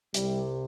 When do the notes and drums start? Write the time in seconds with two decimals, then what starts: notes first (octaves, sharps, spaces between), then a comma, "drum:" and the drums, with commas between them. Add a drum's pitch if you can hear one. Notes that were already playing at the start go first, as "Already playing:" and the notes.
0.14 C2 C3 G3, drum: hi-hat